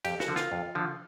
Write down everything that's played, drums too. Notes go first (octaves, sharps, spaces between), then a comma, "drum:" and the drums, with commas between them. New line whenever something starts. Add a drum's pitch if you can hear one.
F2 G4, drum: cymbal
F#4, drum: snare
D3 F3
F4, drum: snare
F2
D3 F3